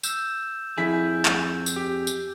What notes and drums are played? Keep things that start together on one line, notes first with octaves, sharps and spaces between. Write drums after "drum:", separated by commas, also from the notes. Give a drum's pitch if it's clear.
E6 G6 E7, drum: tambourine
F2 E4 G#4 B6
G6
drum: clap
drum: tambourine
G4
drum: tambourine